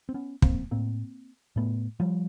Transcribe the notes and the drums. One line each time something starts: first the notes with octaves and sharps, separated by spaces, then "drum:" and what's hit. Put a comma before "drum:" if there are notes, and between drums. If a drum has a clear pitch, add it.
C4
B3 C#4
A#3 C4, drum: kick
A2 A#3 C4
A2 A3 B3
F3 G3